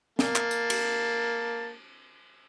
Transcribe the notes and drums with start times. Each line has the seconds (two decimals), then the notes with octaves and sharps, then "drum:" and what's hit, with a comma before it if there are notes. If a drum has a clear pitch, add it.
0.19 A#3 A5, drum: snare
0.35 drum: clap
0.51 drum: tambourine
0.70 drum: cymbal